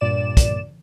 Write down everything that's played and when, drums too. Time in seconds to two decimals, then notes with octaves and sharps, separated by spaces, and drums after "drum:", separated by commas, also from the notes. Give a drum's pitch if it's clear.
0.01 G2 A#2 D5 E7
0.37 drum: kick, hi-hat